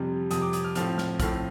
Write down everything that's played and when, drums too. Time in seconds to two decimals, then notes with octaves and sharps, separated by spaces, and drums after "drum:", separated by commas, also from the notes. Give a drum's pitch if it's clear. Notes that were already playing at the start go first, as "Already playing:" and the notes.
Already playing: F2 C3 G3
0.31 F2 C3 G3 D#6, drum: hi-hat
0.42 D6
0.53 D#6, drum: hi-hat
0.64 F6
0.75 A2 F3 C4 F6, drum: hi-hat
0.98 F6, drum: snare
1.20 A2 F3 C4 F6, drum: kick, hi-hat